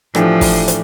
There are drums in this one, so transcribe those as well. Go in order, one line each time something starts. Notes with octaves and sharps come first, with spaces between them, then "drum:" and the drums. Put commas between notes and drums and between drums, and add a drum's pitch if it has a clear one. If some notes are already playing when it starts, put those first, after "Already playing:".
A2 E3 F3 A3 D4 G4, drum: rim click
drum: kick, open hi-hat
drum: hi-hat